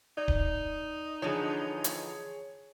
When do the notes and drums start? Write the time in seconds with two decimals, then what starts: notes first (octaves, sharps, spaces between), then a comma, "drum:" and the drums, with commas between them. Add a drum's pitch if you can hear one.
0.17 D#4 D5
0.28 drum: kick D1
1.22 D3 E3 F3 G#4 C#5
1.84 drum: hi-hat